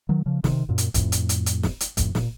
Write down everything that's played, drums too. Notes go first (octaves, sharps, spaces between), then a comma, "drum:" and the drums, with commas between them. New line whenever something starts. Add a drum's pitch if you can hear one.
D#3 F#3
C#3 F3
C3 D#3, drum: snare
F#2 A#2
drum: hi-hat
F2 A2, drum: kick, hi-hat
drum: hi-hat
drum: hi-hat
drum: hi-hat
drum: snare
drum: hi-hat
F2 A2, drum: kick, hi-hat
A#2, drum: snare